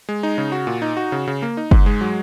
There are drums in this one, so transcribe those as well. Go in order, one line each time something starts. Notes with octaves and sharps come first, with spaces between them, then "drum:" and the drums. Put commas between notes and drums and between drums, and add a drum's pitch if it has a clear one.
G#3
D#4
C#3
F#4
A#2
D#4
F#4
C#3
C#3
A#3
D#4
G#2, drum: kick F#1
G#3
F#3